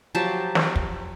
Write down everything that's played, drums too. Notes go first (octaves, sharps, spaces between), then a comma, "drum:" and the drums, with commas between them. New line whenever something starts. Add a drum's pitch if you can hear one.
F3 F#3 G4 A5
drum: snare
drum: kick